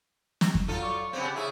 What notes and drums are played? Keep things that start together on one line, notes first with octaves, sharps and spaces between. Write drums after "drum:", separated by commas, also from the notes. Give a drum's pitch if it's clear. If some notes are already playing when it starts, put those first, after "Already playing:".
drum: snare
drum: kick F2
F#3 F4 A4
D5 C#6
C#3 B3 C4 G4
C#3 E4 G#4 E5